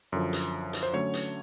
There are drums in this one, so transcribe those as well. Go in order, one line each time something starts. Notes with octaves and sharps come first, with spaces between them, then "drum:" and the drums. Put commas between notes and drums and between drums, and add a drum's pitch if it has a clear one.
F#2 D3 F3
drum: hi-hat
drum: hi-hat
C5
D3 F#3 A3 C#4 C#5
drum: hi-hat